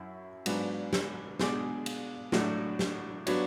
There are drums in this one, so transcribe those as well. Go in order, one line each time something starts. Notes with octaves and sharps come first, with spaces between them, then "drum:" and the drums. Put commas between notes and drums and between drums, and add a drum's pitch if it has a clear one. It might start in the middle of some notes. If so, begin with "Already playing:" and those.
Already playing: F#2 E4
G#2 F#3 B3 D4, drum: cymbal
drum: snare
B2 G#3 D4 G#4 D5, drum: snare
drum: cymbal
A2 F#3 A3 D4 F#4, drum: snare
drum: snare
F#3 B3 D4 F#4 C#5, drum: cymbal